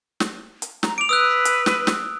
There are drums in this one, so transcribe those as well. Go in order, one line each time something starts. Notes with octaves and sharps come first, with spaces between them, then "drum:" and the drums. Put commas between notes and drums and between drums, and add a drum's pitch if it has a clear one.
drum: snare
drum: hi-hat
A#5, drum: snare
D6 D7 F7
B4 D#6 E6 F#6
drum: hi-hat
drum: snare
drum: snare